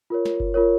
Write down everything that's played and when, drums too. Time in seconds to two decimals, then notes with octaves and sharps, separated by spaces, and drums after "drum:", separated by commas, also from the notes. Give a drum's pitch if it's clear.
0.10 F4 A#4 C#5
0.25 drum: snare
0.40 drum: kick F#1
0.54 F4 A#4 C#5